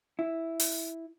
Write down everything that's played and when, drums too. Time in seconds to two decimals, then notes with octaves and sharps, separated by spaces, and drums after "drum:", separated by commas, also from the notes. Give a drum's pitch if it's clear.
0.19 E4
0.60 drum: open hi-hat